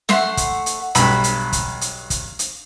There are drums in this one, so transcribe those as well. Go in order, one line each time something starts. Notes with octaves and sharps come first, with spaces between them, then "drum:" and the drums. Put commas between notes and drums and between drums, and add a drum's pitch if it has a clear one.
A3 E5 F#5 C6, drum: snare
drum: kick, hi-hat
drum: hi-hat
B1 G2 B5 E6, drum: hi-hat
drum: hi-hat
drum: kick, hi-hat
drum: hi-hat
drum: kick, hi-hat
drum: hi-hat